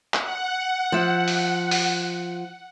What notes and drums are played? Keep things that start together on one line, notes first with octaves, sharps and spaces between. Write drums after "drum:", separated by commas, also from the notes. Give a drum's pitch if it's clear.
F#5, drum: clap
F3 E5
drum: open hi-hat
drum: open hi-hat